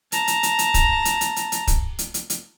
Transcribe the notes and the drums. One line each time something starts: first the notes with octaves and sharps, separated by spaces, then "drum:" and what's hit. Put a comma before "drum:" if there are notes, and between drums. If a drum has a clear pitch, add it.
A5 A#5, drum: hi-hat
drum: hi-hat
drum: hi-hat
drum: hi-hat
drum: kick, hi-hat
drum: hi-hat
drum: hi-hat
drum: hi-hat
drum: hi-hat
drum: kick, hi-hat
drum: hi-hat
drum: hi-hat
drum: hi-hat